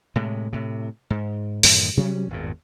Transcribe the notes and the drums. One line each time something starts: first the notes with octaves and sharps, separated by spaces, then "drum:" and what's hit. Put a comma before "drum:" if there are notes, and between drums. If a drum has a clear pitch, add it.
A2 C3 G#3
A2 C3
G#2
F#2 A2 D3 D#3, drum: open hi-hat
C3 F#3 G3 C#4
G#1 E2 G2 A#2